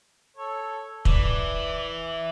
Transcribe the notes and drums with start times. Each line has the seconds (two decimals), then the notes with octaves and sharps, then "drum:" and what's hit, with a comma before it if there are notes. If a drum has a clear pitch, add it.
0.36 A4 C#5
1.05 E3 D5, drum: kick